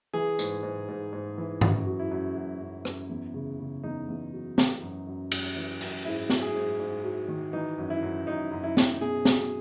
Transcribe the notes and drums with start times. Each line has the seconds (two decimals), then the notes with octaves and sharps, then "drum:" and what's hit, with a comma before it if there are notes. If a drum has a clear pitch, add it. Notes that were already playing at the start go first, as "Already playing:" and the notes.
0.13 E3 G#4
0.39 G#2, drum: tambourine
0.63 G#2
0.88 G#2
1.13 G#2
1.38 E3
1.61 F#2 F#4, drum: tom
1.86 F#3
1.99 E4
2.11 F#2
2.36 F#2
2.60 F#2
2.85 F#2, drum: rim click
3.09 E2
3.34 C#3
3.59 C#3
3.83 E2 D#4
4.08 E2
4.33 F#3
4.58 E3, drum: snare
4.82 F#2
5.07 F#2
5.32 F#2, drum: cymbal
5.56 E3
5.81 F#2, drum: open hi-hat
6.05 G#2 E4
6.30 F#3, drum: snare
6.42 G#4
6.55 G#2
6.80 G#2
7.04 F#3
7.28 D#3
7.53 E3 D#4
7.78 F#2
7.90 E4
8.03 F#2
8.27 F#2 D#4
8.52 F#2
8.64 E4
8.77 F#2, drum: snare
9.01 B2 G#4
9.25 F#3, drum: snare